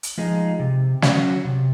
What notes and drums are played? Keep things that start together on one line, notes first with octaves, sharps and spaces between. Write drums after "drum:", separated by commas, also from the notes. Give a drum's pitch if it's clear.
drum: hi-hat
F3 G#3 D#4 G#4
C3
F#3 C#4 F#4, drum: snare
C3